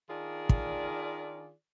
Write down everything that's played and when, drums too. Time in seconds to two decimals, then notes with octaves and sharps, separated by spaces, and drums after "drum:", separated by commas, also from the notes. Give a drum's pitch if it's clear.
0.08 D#3 D4 F4 G#4 D5
0.49 drum: kick